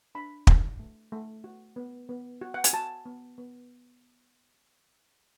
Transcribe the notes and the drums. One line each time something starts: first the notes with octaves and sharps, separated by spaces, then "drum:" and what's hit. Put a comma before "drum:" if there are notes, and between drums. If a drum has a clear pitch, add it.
D4 B5
F#4, drum: kick
A3
A3
F#4
B3
B3
F#4
F#5
G#5, drum: hi-hat
F#4 A5
B3
B3